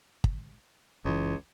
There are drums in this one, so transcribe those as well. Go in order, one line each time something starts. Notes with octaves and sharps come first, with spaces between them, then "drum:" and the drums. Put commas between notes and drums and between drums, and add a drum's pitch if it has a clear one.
drum: kick
F#1 C#2 E3